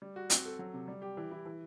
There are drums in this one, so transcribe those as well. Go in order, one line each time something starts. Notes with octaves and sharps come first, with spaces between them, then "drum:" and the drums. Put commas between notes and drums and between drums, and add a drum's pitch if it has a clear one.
G3
F#4
C4, drum: hi-hat
A4
F#3
C3
G3
G4
E3
E4
E3